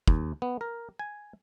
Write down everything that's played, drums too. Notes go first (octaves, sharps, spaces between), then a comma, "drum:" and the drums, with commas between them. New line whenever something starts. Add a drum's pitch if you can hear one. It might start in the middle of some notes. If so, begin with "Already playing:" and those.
D#2, drum: kick
B3
A#4
G#5